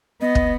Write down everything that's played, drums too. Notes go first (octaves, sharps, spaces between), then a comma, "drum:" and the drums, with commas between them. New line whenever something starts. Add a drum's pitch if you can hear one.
B3 D#5
drum: kick